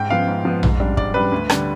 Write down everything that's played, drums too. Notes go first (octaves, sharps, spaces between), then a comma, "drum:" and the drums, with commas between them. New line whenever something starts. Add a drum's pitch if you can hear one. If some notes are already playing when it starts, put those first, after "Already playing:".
Already playing: G#2 G5
F3 B3 F5
G#2
F3 B3
G#2, drum: tom A#1
G3 D4
G#2 D5, drum: kick
G3 D4 B4
D2
D3 G3, drum: rim click